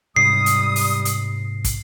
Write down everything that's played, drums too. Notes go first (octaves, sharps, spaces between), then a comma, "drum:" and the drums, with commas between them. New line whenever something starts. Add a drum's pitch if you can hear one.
G#2 C3 G3 D#6 C7
drum: hi-hat
drum: open hi-hat
drum: hi-hat
drum: kick, hi-hat